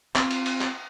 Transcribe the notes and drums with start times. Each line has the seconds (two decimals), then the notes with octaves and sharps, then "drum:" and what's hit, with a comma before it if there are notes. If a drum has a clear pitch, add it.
0.15 C4 F4, drum: clap
0.31 drum: cymbal
0.46 drum: cymbal
0.61 drum: clap